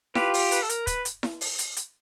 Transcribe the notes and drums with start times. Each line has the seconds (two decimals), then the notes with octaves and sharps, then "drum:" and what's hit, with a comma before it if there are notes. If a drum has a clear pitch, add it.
0.15 F4 G4 B4, drum: snare E4
0.34 drum: open hi-hat
0.52 B4, drum: hi-hat
0.63 A4
0.69 A#4, drum: hi-hat
0.87 B4, drum: kick, hi-hat
1.05 drum: hi-hat
1.23 drum: snare E4
1.41 drum: open hi-hat
1.59 drum: hi-hat
1.76 drum: hi-hat